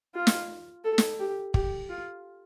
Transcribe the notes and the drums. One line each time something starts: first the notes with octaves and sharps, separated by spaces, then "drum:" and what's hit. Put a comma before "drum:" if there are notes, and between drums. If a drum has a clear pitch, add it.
F4
drum: snare
A4
drum: snare
G4
G4, drum: kick
F4